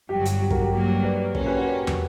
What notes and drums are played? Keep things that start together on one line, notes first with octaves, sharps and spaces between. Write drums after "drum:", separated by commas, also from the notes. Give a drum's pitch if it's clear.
G1 G2 F#3 G4
G4, drum: hi-hat
G4
F#4 A#4, drum: kick
G4
G2 F#3 A#3 G4
B4 D5
A#2 A#3 C#4 A#4 C#5, drum: kick
G4 B4
F#4 A#4
G4
drum: tom